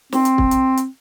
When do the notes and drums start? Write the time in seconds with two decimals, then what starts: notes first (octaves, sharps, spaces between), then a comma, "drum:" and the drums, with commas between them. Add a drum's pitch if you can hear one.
0.12 C4, drum: snare
0.25 drum: hi-hat
0.38 drum: kick
0.51 drum: hi-hat
0.77 drum: hi-hat